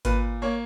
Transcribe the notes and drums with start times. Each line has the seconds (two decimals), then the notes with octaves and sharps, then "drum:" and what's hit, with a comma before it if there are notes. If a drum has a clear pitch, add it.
0.05 A#2 B4, drum: kick G#1, hi-hat
0.42 A#3 C#5